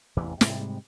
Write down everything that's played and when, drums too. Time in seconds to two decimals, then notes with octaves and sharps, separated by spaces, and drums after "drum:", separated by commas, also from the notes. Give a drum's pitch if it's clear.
0.17 A1 E2 C3 E3
0.41 G#2 C3 G3 G#3, drum: snare